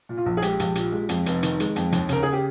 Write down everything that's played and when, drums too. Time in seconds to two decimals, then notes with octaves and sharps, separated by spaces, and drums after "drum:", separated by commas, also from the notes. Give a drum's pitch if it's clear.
0.09 A#2
0.17 F4
0.26 A#1
0.37 G#4
0.42 G#3 G4, drum: hi-hat
0.60 A#1, drum: hi-hat
0.75 A#2, drum: hi-hat
0.92 G#3
1.09 F2, drum: hi-hat
1.26 F1, drum: hi-hat
1.43 D#3, drum: hi-hat
1.60 G#3, drum: hi-hat
1.76 F2, drum: hi-hat
1.92 D#2, drum: hi-hat
2.09 C#3 A#4, drum: hi-hat
2.23 G#4
2.33 G4